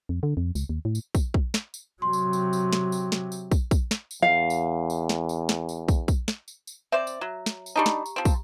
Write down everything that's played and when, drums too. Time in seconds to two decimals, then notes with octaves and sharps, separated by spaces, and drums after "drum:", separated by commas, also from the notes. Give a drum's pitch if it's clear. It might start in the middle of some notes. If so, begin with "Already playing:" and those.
0.09 F2
0.23 D3
0.37 F2
0.55 C#2, drum: tambourine
0.69 D#2
0.85 A2
0.95 drum: tambourine
1.15 drum: kick, tambourine
1.34 drum: kick
1.54 drum: snare
1.74 drum: tambourine
2.02 C3 F#3 C6
2.13 drum: tambourine
2.33 drum: tambourine
2.53 drum: tambourine
2.73 drum: snare
2.92 drum: tambourine
3.12 drum: snare
3.32 drum: tambourine
3.52 drum: kick, tambourine
3.71 drum: kick, tambourine
3.91 drum: snare
4.11 drum: tambourine
4.22 E2 F5
4.50 drum: tambourine
4.90 drum: tambourine
5.09 drum: snare
5.29 drum: tambourine
5.49 drum: snare
5.69 drum: tambourine
5.88 drum: kick, tambourine
6.08 drum: kick, tambourine
6.28 drum: snare
6.48 drum: tambourine
6.67 drum: tambourine
6.92 C4 C5 D5 E5
7.07 drum: tambourine
7.21 F#3
7.46 drum: snare
7.66 drum: tambourine
7.76 G3 D4 D#4 G4 A#5
7.86 drum: snare
8.06 drum: tambourine
8.16 F3 C4
8.25 drum: kick, tambourine